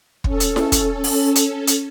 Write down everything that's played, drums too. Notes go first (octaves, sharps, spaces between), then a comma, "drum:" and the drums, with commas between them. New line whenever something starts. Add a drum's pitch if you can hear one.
C#4 A4, drum: kick
drum: hi-hat
drum: snare E4
drum: kick, hi-hat
drum: open hi-hat
drum: hi-hat
drum: hi-hat